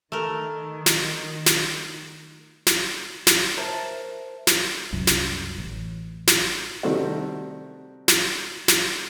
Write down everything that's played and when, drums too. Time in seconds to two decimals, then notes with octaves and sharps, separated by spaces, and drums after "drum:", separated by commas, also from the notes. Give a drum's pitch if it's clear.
0.12 D#3 A3 A#4
0.86 drum: snare
1.46 drum: snare
2.67 drum: snare
3.27 drum: snare
3.57 A#4 C5 E5 A5
4.47 drum: snare
4.93 C2 F#2
5.07 drum: snare
5.58 A1
6.27 drum: snare
6.83 C3 D#3 G3 A3 C4 F#4
8.08 drum: snare
8.68 drum: snare